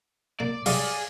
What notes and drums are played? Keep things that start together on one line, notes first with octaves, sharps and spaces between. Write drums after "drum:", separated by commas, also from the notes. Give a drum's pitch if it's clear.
A#3 D5
G3 G4 G#4 D5 F5, drum: open hi-hat